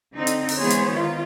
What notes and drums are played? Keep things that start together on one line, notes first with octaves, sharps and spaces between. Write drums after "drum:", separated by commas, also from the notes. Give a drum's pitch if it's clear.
D3 C4 D#4
drum: hi-hat
drum: open hi-hat
E3 G#3 B3 G#4 C5 C#5
drum: hi-hat
D#3 F4